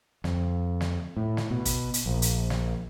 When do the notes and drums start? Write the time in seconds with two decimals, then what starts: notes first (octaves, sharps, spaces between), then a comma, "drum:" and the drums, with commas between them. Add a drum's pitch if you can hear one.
0.24 F2, drum: snare
0.81 drum: snare
1.17 A2
1.37 drum: snare
1.51 B2
1.65 drum: kick, hi-hat
1.94 drum: hi-hat
2.06 A#1
2.22 drum: hi-hat
2.50 drum: snare